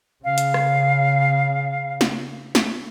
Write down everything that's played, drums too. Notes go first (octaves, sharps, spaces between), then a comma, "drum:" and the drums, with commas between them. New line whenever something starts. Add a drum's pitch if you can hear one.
C#3 F5
drum: hi-hat
drum: rim click
drum: snare
drum: snare